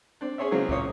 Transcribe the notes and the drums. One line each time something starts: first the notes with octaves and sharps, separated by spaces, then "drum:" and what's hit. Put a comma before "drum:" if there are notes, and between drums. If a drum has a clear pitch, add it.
C4 D4
C#4 G#4 C5 C#5 E5
C#3 E3 F#3 A#3 C4 G#4
A#2 A#3 C5 C#5 D#6, drum: kick C#2